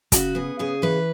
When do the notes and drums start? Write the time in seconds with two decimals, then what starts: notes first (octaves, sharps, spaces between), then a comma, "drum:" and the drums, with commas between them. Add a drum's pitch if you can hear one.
0.12 C#3 F#4, drum: kick, hi-hat
0.35 B3 G#4
0.59 C#3 G#4
0.82 E3 B4